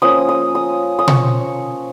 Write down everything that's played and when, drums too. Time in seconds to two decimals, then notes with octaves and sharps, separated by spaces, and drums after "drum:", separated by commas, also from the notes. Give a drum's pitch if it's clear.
0.02 F3 A#3 C#4 D#6
0.29 D#6
0.55 D#6
0.99 D#6
1.08 C#6, drum: tom B2